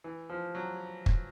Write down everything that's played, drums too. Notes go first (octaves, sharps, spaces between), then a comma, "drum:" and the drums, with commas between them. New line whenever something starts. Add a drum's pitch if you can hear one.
E3
F3
F#3
drum: kick